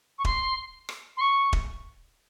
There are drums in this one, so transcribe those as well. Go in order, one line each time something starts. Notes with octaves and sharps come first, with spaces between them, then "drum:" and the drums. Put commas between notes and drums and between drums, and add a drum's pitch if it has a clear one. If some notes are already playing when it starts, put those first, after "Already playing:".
C#6
C6, drum: kick D#1
drum: rim click
C6
C#6
drum: kick D#1